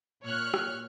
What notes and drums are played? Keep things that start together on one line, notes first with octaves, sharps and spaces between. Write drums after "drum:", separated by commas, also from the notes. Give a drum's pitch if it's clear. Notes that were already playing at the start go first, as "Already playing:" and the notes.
A#2 C#5 F6 F#6
drum: rim click